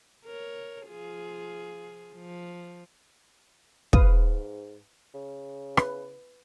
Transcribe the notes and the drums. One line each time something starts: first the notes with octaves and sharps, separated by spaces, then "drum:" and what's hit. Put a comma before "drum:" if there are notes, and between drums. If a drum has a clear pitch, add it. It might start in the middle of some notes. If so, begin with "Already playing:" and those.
A#4 C#5
F3 F4 G#4
F3
G#2 B4 F5 D#6, drum: kick
C#3
B4, drum: rim click